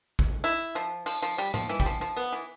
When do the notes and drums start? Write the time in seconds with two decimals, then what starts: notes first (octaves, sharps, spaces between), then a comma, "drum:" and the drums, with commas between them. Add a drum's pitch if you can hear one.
0.19 drum: kick
0.44 E4
0.75 F3
1.06 F3, drum: open hi-hat
1.22 F3
1.38 G3
1.54 F3, drum: tom A2
1.69 E3
1.80 G3, drum: kick
1.86 F3
2.01 F3
2.16 B3
2.32 E3